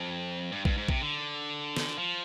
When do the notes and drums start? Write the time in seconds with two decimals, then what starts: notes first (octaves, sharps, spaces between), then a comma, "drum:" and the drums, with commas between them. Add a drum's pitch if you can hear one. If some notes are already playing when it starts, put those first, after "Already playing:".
Already playing: F2
0.52 G2
0.65 G2, drum: kick A#1
0.77 G#2
0.89 C3, drum: kick A#1
1.01 D3
1.77 drum: snare
1.98 F3